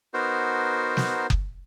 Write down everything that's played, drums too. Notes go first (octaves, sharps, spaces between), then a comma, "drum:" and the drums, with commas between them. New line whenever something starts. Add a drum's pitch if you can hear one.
B3 D#4 F#4 A#4 C5
drum: snare
drum: kick F#1